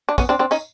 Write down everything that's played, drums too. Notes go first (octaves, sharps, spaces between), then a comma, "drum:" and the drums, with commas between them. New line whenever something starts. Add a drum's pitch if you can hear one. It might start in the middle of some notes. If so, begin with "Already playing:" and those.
D4
B3 C#4, drum: kick, tambourine
C4 D4
C4 D4
C#4 D#4, drum: tambourine